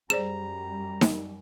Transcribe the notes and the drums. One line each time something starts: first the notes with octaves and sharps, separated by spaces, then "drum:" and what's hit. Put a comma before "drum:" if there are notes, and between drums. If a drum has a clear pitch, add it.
F#2 G3 G#4 C5 D5 A#5 E7
drum: snare D#4